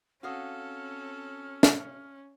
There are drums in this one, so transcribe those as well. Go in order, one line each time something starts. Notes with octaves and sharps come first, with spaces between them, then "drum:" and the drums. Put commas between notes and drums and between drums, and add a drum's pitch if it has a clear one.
C4 C#4 F#4 A4 F5 D#6 F6
drum: snare